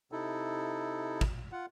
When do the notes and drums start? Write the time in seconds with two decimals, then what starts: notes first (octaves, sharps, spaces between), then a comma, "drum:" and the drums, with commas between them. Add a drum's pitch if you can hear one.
0.12 C3 D#4 E4 A4
1.21 drum: kick
1.52 F4 F#5